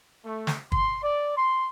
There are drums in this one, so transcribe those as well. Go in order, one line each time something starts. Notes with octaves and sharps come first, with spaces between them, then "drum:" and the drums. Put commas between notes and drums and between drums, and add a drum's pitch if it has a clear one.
A3
drum: snare
C6, drum: kick
D5
C6